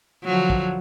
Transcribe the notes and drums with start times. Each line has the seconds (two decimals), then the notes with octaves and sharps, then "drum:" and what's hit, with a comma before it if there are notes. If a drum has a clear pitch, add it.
0.25 D3 F3 F#3
0.50 drum: kick